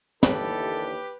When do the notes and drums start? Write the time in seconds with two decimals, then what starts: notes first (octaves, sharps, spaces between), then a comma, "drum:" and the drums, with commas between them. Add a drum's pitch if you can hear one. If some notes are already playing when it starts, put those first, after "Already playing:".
0.23 D#2 D3 E3 G4 A4 B4, drum: snare